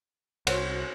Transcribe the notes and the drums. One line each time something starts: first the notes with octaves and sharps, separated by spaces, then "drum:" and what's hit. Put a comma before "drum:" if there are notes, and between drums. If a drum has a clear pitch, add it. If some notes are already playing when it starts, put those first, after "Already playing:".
C2 C5 C#5 F#5, drum: cymbal